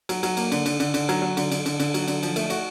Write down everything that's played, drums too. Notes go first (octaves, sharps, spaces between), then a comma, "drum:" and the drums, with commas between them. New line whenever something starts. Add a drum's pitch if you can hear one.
F#3, drum: cymbal
F#3, drum: cymbal
A#3, drum: cymbal
D3, drum: cymbal
D3, drum: cymbal
D3, drum: cymbal
D3, drum: cymbal
F#3, drum: cymbal
F#3
D3, drum: cymbal
D3, drum: cymbal
D3, drum: cymbal
D3, drum: cymbal
F#3, drum: cymbal
D3, drum: cymbal
F3, drum: cymbal
A3, drum: cymbal
F#4, drum: cymbal